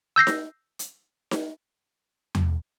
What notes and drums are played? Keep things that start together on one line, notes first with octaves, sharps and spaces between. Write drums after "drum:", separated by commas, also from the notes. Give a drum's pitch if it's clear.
E6 G6 A#6 C7
drum: snare D#4
drum: hi-hat
drum: snare D#4
drum: tom E2